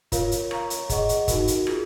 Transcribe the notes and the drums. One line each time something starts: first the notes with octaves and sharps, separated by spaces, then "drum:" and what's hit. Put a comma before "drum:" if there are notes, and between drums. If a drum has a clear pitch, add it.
F4 A#4 C#5 F5, drum: kick, hi-hat
drum: hi-hat
C#5 F5 A#5 C#6, drum: rim click
drum: hi-hat
G#4 D#5 F#5 C#6, drum: kick, hi-hat
drum: hi-hat
D#4 F#4 A#4, drum: kick, hi-hat
drum: hi-hat
F4 G#4, drum: rim click